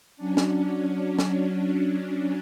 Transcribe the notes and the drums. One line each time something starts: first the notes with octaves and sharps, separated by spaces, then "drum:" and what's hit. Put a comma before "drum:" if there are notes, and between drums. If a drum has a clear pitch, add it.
F#3 C#4 D4
drum: snare
drum: snare